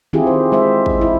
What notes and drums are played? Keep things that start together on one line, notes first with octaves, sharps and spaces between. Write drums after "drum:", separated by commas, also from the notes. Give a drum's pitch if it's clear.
D#3 C4 E4 F4 G4 G#4
C5
G#3 C5 E5
drum: kick
E4